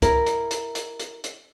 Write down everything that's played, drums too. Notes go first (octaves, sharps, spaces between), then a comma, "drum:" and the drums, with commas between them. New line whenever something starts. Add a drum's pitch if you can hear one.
E4 A#4, drum: kick C2, hi-hat
drum: hi-hat
drum: hi-hat
drum: hi-hat
drum: hi-hat
drum: hi-hat